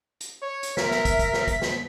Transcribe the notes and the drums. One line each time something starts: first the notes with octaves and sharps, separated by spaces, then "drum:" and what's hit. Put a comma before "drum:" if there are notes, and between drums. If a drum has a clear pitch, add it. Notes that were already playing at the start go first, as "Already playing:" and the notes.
drum: hi-hat
C#5
drum: hi-hat
A#4 E5 B6, drum: snare
drum: snare
drum: kick, hi-hat
drum: kick, hi-hat
drum: snare
drum: kick, hi-hat
drum: snare